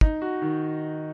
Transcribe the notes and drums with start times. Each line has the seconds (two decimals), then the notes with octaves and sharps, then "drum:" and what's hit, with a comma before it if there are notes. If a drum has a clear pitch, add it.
0.01 D#4, drum: kick
0.22 F#4
0.42 D#3